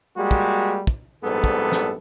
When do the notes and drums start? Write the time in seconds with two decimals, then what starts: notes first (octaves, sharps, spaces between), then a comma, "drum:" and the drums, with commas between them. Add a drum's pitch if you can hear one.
0.17 G3 G#3 A#3 F#4 G4
0.31 drum: kick
0.87 drum: kick
1.24 A#1 G#2 G3 B3 A4
1.44 drum: kick
1.72 drum: snare